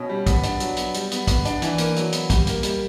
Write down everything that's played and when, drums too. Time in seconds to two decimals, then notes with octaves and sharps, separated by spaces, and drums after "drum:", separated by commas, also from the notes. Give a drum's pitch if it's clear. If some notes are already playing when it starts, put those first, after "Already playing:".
Already playing: B2 C#4
0.09 G3
0.26 B3, drum: kick, hi-hat
0.43 D4, drum: hi-hat
0.60 F#3, drum: hi-hat
0.77 B3, drum: hi-hat
0.94 G3, drum: hi-hat
1.12 B3, drum: hi-hat
1.27 B3, drum: kick, hi-hat
1.45 D4, drum: hi-hat
1.62 E3, drum: hi-hat
1.78 A#3, drum: hi-hat
1.96 F#3, drum: hi-hat
2.12 B3, drum: hi-hat
2.30 G3, drum: kick, hi-hat
2.47 A#3, drum: hi-hat
2.63 G3, drum: hi-hat